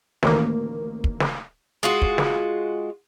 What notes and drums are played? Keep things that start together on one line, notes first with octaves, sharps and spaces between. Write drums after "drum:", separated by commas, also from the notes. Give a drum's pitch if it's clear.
A1 D2 D#3 A#3, drum: snare
drum: kick
drum: snare
G#3 F4 F#4
drum: kick
drum: snare